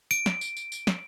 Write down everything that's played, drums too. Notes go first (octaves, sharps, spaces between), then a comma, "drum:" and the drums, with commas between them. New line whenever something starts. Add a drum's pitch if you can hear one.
D7, drum: tambourine
drum: snare
drum: tambourine
drum: tambourine
drum: tambourine
drum: snare